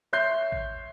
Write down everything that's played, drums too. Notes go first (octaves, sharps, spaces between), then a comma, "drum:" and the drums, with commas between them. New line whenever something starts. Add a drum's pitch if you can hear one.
C#5 E5 C6 G6 C7
drum: kick A1